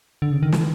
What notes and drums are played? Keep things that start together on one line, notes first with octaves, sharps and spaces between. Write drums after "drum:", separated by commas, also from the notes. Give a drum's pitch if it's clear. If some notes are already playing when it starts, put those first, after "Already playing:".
D3
C#3
D#3
E3, drum: snare